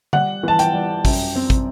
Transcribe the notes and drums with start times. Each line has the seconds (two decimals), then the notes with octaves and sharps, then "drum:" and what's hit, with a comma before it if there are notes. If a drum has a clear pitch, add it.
0.13 G3 F#5, drum: tom D3
0.43 E3 A5
0.59 G5, drum: hi-hat
0.73 G3
1.05 F#2, drum: kick, open hi-hat
1.35 C4
1.50 drum: kick, hi-hat